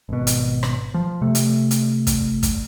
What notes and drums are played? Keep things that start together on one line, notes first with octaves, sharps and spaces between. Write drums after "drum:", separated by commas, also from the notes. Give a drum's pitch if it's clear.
G#1 B2
drum: hi-hat
drum: rim click
F3
C3 A3
drum: hi-hat
drum: hi-hat
drum: kick, hi-hat
drum: kick, hi-hat